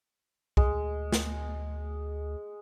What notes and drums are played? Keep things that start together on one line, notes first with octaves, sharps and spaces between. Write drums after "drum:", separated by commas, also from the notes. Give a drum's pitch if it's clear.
D2 G#3, drum: kick B1
drum: snare